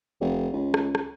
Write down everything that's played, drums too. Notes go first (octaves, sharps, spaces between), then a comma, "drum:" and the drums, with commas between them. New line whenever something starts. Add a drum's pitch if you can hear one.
F1
C#2
drum: rim click
drum: rim click